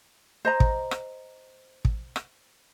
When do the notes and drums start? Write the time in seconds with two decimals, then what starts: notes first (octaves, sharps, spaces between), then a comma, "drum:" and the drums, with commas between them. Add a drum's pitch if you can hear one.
0.45 C5 D#5 A#5
0.60 drum: kick
0.91 drum: rim click
1.85 drum: kick
2.16 drum: rim click